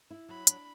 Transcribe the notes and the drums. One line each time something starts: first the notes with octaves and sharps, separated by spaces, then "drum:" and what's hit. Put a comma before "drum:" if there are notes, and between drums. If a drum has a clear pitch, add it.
E4
F#3 B5
D4, drum: hi-hat